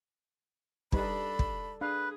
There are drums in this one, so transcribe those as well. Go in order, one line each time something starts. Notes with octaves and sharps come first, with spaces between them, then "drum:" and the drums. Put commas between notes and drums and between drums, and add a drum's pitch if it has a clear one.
G3 D4 D#4 A4 B4 B5, drum: kick
drum: kick
D4 G#4 B4 F5